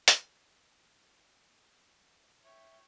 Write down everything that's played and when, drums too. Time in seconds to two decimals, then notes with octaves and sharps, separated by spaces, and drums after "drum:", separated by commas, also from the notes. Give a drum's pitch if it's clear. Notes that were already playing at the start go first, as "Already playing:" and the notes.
0.08 drum: hi-hat
2.44 C#5 E5 G5